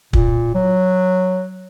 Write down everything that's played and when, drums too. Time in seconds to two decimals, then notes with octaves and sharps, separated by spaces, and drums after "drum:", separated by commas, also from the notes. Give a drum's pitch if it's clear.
0.13 A#2, drum: kick
0.54 F#3